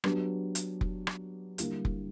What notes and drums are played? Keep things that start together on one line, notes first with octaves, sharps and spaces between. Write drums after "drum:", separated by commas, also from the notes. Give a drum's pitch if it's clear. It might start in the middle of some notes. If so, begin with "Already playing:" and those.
F#3 B3 D4 G4, drum: rim click
drum: hi-hat
drum: kick F1
drum: rim click
D3 G3 A#3 E4 G4, drum: hi-hat
drum: kick F1